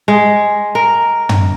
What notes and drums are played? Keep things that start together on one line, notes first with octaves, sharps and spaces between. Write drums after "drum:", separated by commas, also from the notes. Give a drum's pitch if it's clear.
G#3
A#4
drum: tom